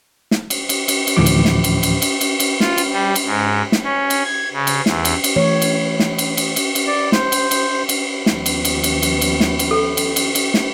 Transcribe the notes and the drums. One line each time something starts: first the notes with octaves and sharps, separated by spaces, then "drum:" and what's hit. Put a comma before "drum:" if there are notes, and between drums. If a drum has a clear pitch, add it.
drum: snare
drum: cymbal
drum: cymbal
drum: cymbal
drum: cymbal
D2 A2 E3 F3 D6
drum: cymbal
drum: snare
drum: cymbal
drum: cymbal
drum: cymbal
drum: cymbal
drum: cymbal
F4, drum: snare
drum: cymbal
G3
drum: cymbal
G#2
drum: snare
C#4
drum: cymbal
G#6
C#3
drum: cymbal
E2, drum: snare
drum: cymbal
drum: cymbal
E3 A3 C#5
drum: cymbal
drum: snare
drum: cymbal
drum: cymbal
drum: cymbal
drum: cymbal
D5
C5, drum: snare
drum: cymbal
drum: cymbal
drum: cymbal
D#2 F3 B3, drum: snare
drum: cymbal
drum: cymbal
drum: cymbal
drum: cymbal
drum: cymbal
drum: snare
drum: cymbal
A4
drum: cymbal
drum: cymbal
drum: cymbal
drum: snare